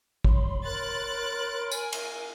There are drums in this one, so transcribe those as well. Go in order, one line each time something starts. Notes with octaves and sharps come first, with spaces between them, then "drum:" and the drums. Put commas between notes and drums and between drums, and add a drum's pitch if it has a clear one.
C#5 B5 C6, drum: kick
A#4 F#6 A6
G#5, drum: tambourine
drum: cymbal